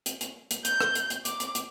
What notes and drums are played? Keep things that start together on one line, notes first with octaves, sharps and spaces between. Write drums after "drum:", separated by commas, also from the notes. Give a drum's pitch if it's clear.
drum: hi-hat
drum: hi-hat
drum: hi-hat
G6, drum: hi-hat
drum: rim click
drum: hi-hat
drum: hi-hat
D6, drum: hi-hat
drum: hi-hat
drum: hi-hat